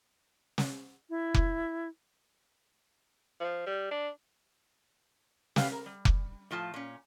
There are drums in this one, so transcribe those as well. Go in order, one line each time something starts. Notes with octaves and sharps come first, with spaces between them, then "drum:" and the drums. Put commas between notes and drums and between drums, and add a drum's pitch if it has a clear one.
drum: snare
E4
drum: kick F1
F3
G3
D4
G4 B4 F5, drum: snare
A#4
G3
drum: kick F1
A2 F3 F4 A5
A#2 C#4